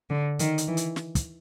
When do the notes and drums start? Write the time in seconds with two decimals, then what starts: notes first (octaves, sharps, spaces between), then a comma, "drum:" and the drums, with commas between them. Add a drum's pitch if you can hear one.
0.10 D3
0.39 D#3, drum: hi-hat
0.58 drum: hi-hat
0.68 E3
0.77 drum: hi-hat
0.96 drum: snare
1.15 drum: kick, hi-hat